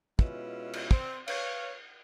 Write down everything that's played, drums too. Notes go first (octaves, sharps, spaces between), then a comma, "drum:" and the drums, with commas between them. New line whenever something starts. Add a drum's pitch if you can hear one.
B2 G#3 C#4 E4 F4 B4, drum: kick
drum: cymbal
C4, drum: kick
B4 C#5 F5, drum: cymbal